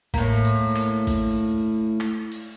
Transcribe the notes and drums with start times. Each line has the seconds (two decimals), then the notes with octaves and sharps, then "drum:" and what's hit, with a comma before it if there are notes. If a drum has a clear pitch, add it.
0.14 A2 A#3, drum: kick G#1, cymbal
0.45 drum: cymbal
0.76 drum: clap
1.07 drum: kick G#1, cymbal
2.01 drum: clap
2.32 drum: cymbal